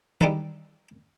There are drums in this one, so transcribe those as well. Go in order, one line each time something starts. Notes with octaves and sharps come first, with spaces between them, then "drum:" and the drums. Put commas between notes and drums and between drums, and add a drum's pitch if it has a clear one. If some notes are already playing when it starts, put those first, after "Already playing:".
G3 G#3 D4 D#4 A4 B4, drum: tom D#3